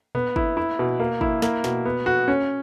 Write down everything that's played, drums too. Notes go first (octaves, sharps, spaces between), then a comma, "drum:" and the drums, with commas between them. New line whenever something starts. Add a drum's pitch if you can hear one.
B3, drum: tom A#2
E4, drum: kick
E4
B2
A#3
E4, drum: kick
A#3, drum: snare
B2, drum: snare
B3
F#4
C#4